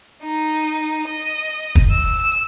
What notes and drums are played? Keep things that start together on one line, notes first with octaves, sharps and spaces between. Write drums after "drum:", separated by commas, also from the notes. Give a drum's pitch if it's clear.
D#4
D#5
drum: kick
E6